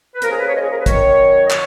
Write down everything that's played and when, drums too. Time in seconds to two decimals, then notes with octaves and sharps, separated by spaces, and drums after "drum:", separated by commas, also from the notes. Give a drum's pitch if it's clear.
0.14 B4
0.22 D#2 C#3 F3 A#4, drum: hi-hat
0.30 G#4
0.38 B4
0.46 C#5
0.55 D#5
0.62 G#4
0.70 A#4
0.79 B4
0.86 F#2 D#3 C#5, drum: kick, hi-hat
1.45 D#5
1.50 C#5, drum: clap